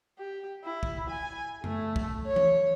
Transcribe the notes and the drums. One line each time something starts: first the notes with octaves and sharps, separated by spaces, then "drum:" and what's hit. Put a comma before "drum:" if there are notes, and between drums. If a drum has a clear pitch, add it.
G4
E4
drum: kick
G#5
A3, drum: tom F#2
drum: kick
C#5
drum: tom E3